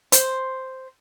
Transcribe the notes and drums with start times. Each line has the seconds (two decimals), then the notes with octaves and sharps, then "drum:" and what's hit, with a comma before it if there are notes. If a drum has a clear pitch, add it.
0.12 C5, drum: hi-hat